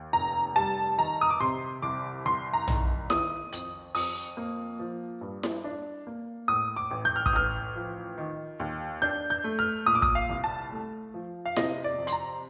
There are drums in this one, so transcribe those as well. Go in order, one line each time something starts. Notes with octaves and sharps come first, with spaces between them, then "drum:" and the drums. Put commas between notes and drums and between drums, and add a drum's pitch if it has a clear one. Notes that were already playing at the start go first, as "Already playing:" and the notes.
Already playing: D#2
F1 A#5
G3 A5
D#3 A#5
D#6
D6
C3 C6
C2 D6
C2 C6
A#5
D#3, drum: tom
D#3 D#6, drum: snare E4
F2, drum: hi-hat
F2 D#6, drum: open hi-hat
A#3
F3
G2
drum: snare E4
D4
A#3
A2 D#6
D6
A1
G6
F6
D#6, drum: kick
A1 F6
F3
D#3
D#2
D4 G6
G6
A3
F6
A#2 D#6
D6
D#6, drum: kick
F5
C2
A5
A3
F3
F5
C3 D#5, drum: snare E4
D5
F2
C6, drum: hi-hat
A#5